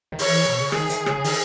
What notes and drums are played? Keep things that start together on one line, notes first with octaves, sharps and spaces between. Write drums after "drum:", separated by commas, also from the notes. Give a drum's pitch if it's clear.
D#3
E3 C#5, drum: open hi-hat
B2
C#3
D#3 G#4, drum: rim click
D#3, drum: hi-hat
C#3, drum: rim click
C#3
D#3, drum: open hi-hat